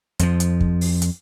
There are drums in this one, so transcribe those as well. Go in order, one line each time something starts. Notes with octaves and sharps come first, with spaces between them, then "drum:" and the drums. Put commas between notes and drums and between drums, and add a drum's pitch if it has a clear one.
F2 F3, drum: hi-hat
drum: hi-hat
drum: kick
drum: open hi-hat
drum: hi-hat